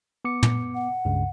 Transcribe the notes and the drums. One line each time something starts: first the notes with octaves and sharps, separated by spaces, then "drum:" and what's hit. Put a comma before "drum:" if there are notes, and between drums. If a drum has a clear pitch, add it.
B3 D6 C#7
drum: tom
F#5
C#2 G2 C#3